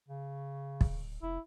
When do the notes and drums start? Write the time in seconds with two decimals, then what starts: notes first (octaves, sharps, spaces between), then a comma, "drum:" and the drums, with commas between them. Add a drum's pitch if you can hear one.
0.08 C#3
0.81 D1, drum: kick
1.22 F1 E4